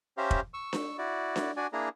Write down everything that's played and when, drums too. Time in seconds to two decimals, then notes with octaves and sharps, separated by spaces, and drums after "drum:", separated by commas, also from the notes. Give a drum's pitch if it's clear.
0.18 C#4 G4 C5 E5 F5 A#5
0.31 drum: kick
0.54 C#6 E6
0.73 drum: snare D4
0.98 E4 F#4 D5
1.36 drum: snare D4
1.57 D4 F#4 D5 G#5
1.73 A#3 D4 E4 G#4 A#5